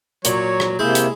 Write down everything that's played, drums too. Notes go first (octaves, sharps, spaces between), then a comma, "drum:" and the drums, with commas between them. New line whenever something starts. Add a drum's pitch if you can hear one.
A#2 F#3 C#5, drum: hi-hat
drum: rim click
C3 G#3 A#3 E4 G6
drum: hi-hat